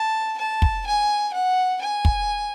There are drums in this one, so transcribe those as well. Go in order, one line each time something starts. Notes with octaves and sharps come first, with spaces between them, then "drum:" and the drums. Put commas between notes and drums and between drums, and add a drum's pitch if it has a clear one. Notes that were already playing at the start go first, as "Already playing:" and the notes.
Already playing: A5
A5
drum: kick
G#5
F#5
G#5
drum: kick